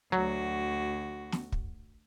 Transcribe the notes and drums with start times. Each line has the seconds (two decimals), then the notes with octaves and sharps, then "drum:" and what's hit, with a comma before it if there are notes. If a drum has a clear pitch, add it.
0.12 D2 F#3 F#4
1.32 drum: snare
1.52 drum: kick